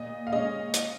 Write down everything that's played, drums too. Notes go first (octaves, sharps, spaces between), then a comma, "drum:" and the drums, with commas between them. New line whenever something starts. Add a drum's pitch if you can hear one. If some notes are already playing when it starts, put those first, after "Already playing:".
Already playing: A#2 D#5
F5
G#3 C#4 D#5
drum: hi-hat